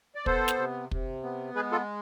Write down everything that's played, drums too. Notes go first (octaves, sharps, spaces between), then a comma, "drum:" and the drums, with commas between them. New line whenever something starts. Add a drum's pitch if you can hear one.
D5
B3 A4 C5, drum: kick
drum: snare
C3
C3, drum: kick
B3
G#3 G#4 B4
F4 A4